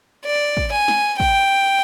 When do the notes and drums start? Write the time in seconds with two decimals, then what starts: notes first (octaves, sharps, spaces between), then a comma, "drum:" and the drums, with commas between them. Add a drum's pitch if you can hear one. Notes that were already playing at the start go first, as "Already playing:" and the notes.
0.25 D5
0.57 drum: kick
0.72 G#5
0.88 drum: snare
1.20 G5, drum: kick